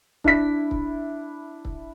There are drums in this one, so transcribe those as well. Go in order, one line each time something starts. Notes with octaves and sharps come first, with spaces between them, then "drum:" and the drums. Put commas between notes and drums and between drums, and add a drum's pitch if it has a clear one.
D4 E4 B6, drum: kick
drum: kick
drum: kick